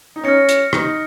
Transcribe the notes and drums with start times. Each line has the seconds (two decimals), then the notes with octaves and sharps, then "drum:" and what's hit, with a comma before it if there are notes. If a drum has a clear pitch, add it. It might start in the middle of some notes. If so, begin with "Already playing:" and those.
0.16 D#4
0.24 C#4 F6 A#6 C#7
0.49 drum: hi-hat
0.73 D#4, drum: rim click